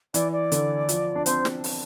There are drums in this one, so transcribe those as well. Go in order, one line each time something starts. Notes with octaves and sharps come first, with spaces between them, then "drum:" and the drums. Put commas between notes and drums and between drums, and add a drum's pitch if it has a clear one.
E3 D5, drum: hi-hat
D5
D3, drum: hi-hat
F3, drum: hi-hat
D4
C4 C5, drum: hi-hat
drum: snare
drum: open hi-hat